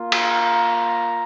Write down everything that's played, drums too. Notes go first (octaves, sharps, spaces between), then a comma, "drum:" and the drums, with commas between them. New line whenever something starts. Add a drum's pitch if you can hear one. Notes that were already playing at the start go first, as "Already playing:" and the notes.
Already playing: A#3 F4
A#5, drum: cymbal